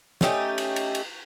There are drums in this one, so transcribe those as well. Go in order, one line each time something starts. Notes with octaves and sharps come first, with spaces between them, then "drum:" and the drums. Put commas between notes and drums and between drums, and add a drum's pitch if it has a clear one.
A3 C#4 D#4 G4, drum: snare
drum: cymbal
drum: cymbal
drum: cymbal